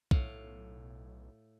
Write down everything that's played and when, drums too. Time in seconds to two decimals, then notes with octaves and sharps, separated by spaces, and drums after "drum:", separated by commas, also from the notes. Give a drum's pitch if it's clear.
0.11 B1 A2 F5 F#5, drum: kick